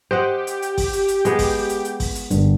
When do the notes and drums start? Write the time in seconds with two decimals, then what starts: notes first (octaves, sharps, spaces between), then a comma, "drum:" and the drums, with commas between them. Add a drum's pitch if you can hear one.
0.11 G4 C5 D#5 F#5
0.47 drum: hi-hat
0.62 drum: hi-hat
0.78 drum: kick, open hi-hat
0.93 drum: hi-hat
1.08 drum: hi-hat
1.25 G#3 B3, drum: hi-hat
1.39 drum: kick, open hi-hat
1.69 drum: hi-hat
1.85 drum: hi-hat
2.00 drum: kick, open hi-hat
2.15 drum: hi-hat
2.31 G1 G2, drum: hi-hat